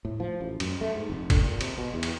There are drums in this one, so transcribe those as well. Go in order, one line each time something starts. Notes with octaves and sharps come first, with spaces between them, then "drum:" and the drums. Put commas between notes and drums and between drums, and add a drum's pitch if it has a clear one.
A2
F3
A1
F#2, drum: cymbal
A3
G#2
F1
D3, drum: kick, cymbal
A#2
C3, drum: cymbal
B2
E2
drum: cymbal